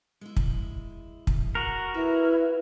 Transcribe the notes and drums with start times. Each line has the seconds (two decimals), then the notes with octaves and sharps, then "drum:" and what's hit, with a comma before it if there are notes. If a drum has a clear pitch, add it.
0.21 G#3 E4
0.36 drum: kick
1.27 drum: kick
1.55 F#4 A#4
1.94 E4 B4